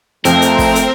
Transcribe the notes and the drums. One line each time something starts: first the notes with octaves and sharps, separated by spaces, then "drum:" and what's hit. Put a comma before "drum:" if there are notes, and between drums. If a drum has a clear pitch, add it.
F2 F3 A3 C4 A#4, drum: hi-hat
drum: hi-hat
drum: kick, open hi-hat
drum: hi-hat